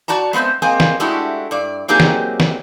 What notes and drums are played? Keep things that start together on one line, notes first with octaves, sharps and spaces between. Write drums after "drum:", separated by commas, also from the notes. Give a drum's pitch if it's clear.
F#4 D5 A5 A#5
G#3 B3 C4 C5 E5
G#3 A#3 C4 D#5 G#5
drum: snare
G#3 A3 D4 E4 F#4 G4
G2 D5
F#3 A#3 C4 D#4 G4 G#4
drum: snare
drum: snare